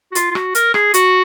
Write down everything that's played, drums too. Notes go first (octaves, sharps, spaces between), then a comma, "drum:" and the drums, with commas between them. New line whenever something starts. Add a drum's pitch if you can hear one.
F#4
F4, drum: hi-hat
F4
F#4, drum: rim click
A#4, drum: hi-hat
G#4, drum: rim click
F#4, drum: hi-hat